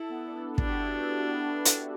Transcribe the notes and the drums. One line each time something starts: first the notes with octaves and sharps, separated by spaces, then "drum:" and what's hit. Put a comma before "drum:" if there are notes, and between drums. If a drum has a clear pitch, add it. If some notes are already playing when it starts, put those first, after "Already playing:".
Already playing: E4 A4
B3
D4
D4 G4, drum: kick
F#4
E4
F#4
drum: hi-hat